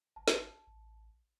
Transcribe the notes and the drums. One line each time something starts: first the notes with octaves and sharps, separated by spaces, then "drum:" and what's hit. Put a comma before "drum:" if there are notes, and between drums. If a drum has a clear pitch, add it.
G#1 A5
drum: snare
A1